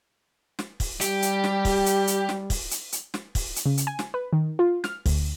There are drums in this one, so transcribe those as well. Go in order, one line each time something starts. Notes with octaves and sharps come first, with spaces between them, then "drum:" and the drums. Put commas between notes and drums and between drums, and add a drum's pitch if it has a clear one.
drum: snare
drum: kick, open hi-hat
G3 G4, drum: hi-hat
drum: hi-hat
drum: snare
drum: kick, open hi-hat
drum: hi-hat
drum: hi-hat
drum: snare
drum: kick, open hi-hat
drum: hi-hat
drum: hi-hat
drum: snare
drum: kick, open hi-hat
drum: hi-hat
C#3
drum: hi-hat
G#5
drum: snare
B4
D#3
F4
F6, drum: snare
D2, drum: kick, open hi-hat